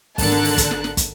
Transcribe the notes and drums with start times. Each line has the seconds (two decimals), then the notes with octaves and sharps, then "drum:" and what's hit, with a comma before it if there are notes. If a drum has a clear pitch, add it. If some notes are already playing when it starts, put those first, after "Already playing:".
0.18 G#1 D3 A4 A#4 A5 F#6, drum: kick, open hi-hat
0.31 drum: snare
0.44 drum: open hi-hat
0.58 drum: kick, hi-hat
0.71 drum: snare
0.84 drum: snare
0.97 drum: kick, hi-hat